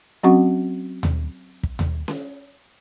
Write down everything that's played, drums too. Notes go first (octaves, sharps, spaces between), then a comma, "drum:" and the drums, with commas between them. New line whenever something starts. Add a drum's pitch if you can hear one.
F#3 C4 C#4 F#4 F#5 C#6
drum: tom D#2
drum: kick
drum: tom D#2
drum: snare C#4